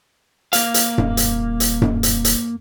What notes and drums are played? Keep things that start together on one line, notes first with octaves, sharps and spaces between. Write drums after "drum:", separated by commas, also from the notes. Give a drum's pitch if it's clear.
A#3 F5, drum: hi-hat
drum: hi-hat
D#1, drum: tom F#2
drum: hi-hat
drum: hi-hat
drum: tom F#2
drum: hi-hat
drum: hi-hat